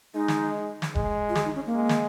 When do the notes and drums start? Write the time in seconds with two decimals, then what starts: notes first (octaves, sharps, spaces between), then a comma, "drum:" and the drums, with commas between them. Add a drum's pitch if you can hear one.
0.14 G#3 D#4
0.28 drum: snare
0.82 drum: snare
0.95 G#3, drum: kick F1
1.29 F4
1.35 G#4, drum: snare
1.45 D#4
1.55 C#4
1.66 A#3
1.76 G#3
1.89 drum: snare